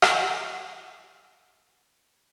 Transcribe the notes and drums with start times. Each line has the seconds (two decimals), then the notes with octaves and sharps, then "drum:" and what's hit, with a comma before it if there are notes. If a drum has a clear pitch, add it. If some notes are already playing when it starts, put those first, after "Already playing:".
0.02 drum: rim click
0.13 B4
0.34 E5 G#5 B5
0.55 E4
0.76 G#4 C5 D#5
0.96 F4
1.18 G#4 C5 F5
1.38 A4